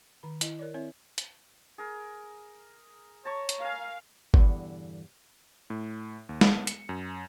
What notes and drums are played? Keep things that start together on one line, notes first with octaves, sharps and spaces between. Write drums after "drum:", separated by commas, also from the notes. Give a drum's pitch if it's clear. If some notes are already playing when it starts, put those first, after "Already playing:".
D#3 B5
E4 D#5, drum: hi-hat
A#4 C#5 D5
C4 E4 C#5 E5
drum: hi-hat
G#4 A#4
C#5 A5 A#5 C#6
drum: hi-hat
A#4 F5 G#5
E2 G2 B2 D3 E3, drum: kick
A2
D#2
B3, drum: snare
C#7, drum: hi-hat
F#2